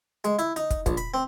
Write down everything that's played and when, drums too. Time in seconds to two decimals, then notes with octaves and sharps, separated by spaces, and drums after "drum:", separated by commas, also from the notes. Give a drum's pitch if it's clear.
0.24 G#3, drum: hi-hat
0.39 E4, drum: hi-hat
0.56 D#4, drum: hi-hat
0.71 drum: kick, hi-hat
0.86 A#1, drum: kick, hi-hat
0.97 B5, drum: hi-hat
1.14 C4